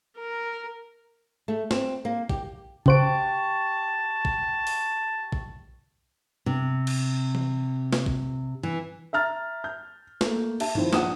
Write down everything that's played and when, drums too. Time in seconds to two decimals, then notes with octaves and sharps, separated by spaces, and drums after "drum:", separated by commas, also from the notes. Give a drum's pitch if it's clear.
0.19 A#4
1.48 A3
1.71 C4, drum: snare
2.05 A#3
2.29 G4, drum: kick
2.86 C#3 F#4 G4 C5 A5 D7, drum: kick
4.25 drum: kick
4.67 drum: open hi-hat
5.32 drum: kick
6.46 C3
6.87 drum: cymbal
7.35 drum: tom E3
7.93 drum: snare
8.06 drum: kick
8.63 E3
9.13 E5 A#5 F6 A6
9.64 G6
10.21 A3 A#3, drum: snare
10.60 G4 E5 A5, drum: cymbal
10.75 D#3 F3 C4 E4 C5, drum: tom G2
10.93 A#1 F#5 D#6 E7, drum: snare